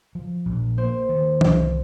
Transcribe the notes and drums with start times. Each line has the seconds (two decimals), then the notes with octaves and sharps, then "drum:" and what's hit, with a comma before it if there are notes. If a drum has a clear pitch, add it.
0.15 F3
0.46 A#1
0.78 A#3 C5
1.09 D#3
1.41 C2, drum: tom